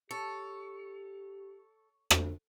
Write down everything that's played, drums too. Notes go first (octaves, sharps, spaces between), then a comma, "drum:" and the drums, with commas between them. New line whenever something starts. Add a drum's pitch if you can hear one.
G4 A4 C#5
drum: rim click